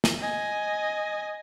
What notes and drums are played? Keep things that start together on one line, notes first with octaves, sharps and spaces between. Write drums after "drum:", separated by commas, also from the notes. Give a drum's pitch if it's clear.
drum: snare
D#5 G#5